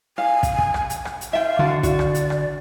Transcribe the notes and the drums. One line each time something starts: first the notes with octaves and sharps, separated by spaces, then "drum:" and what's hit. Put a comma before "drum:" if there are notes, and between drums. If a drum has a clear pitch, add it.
F5 G#5
drum: kick, hi-hat
drum: kick
drum: rim click
drum: hi-hat
drum: rim click
drum: hi-hat
E5 F5 G5
D3 F#4 D5 F#5
F#4 D5, drum: kick, hi-hat
drum: rim click
drum: hi-hat
drum: rim click